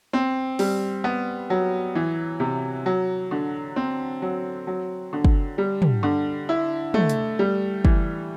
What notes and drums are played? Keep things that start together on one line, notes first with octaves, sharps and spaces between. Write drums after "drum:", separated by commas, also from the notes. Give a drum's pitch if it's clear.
C4
G3, drum: open hi-hat
B3
F#3
E3
C3
F#3
D3
C4
F#3
F#3
D3
drum: kick
G3
drum: tom
D3
E4
A3, drum: tom
drum: hi-hat
G3
E3, drum: kick